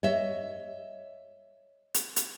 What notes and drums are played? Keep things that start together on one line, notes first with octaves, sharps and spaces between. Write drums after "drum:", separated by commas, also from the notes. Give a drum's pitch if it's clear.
C#5 D#5 E5
drum: hi-hat
drum: hi-hat